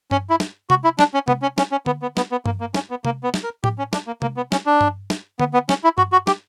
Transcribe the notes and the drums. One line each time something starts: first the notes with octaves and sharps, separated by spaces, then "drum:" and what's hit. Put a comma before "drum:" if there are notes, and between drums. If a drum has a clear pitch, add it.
C#4, drum: tom G2
E4
drum: snare
F#4, drum: tom C3
E4
D4, drum: snare
C#4
B3, drum: tom C3
C#4
C#4, drum: snare
C#4
B3, drum: tom D3
B3
B3, drum: snare
B3
A#3, drum: tom G2
A#3
C#4, drum: snare
B3
A#3, drum: tom C3
B3
drum: snare
A#4
G4, drum: tom A2
C#4
D4, drum: snare
A#3
A#3, drum: tom C3
B3
C#4, drum: snare
D4
drum: tom G2
drum: snare
B3, drum: tom D3
B3
C#4, drum: snare
E4
F#4, drum: tom G2
F#4
G4, drum: snare